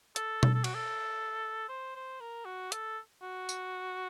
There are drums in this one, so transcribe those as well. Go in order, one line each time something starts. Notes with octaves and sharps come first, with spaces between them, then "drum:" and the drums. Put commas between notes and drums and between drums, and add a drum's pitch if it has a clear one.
A4, drum: hi-hat
drum: tom B2
A4
F#4, drum: cymbal
A4
C5
C5
A#4
F#4
A4, drum: hi-hat
F#4
drum: tambourine